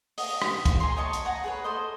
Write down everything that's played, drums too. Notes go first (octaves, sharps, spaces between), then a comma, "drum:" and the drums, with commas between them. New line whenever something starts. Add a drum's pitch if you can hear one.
D#5, drum: open hi-hat
drum: rim click
drum: kick, hi-hat
G#5 A#5 C6
C#5 D#5 A5 C#6
drum: hi-hat
F#5 G#5 A#5
G#4 B4 C#5
A4 C5 D#5